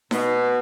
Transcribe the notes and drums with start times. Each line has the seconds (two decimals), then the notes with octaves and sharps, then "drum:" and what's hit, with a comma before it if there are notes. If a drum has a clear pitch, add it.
0.11 B2, drum: snare D#4